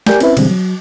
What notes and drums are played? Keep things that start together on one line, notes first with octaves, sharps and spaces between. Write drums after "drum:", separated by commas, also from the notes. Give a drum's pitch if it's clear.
G4 A#4 D5 G#5 G6, drum: snare
C4 C#4 E4 B4 E5, drum: cymbal
B2 D3 E3 G3 G#3 C4, drum: cymbal
F#3